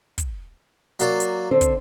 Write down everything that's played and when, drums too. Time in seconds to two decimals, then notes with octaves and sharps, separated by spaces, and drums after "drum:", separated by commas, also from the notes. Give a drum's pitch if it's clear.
0.18 drum: kick, hi-hat
1.00 F#3 A#3 D5, drum: hi-hat
1.20 drum: hi-hat
1.51 D3 C4 C5
1.61 drum: kick, hi-hat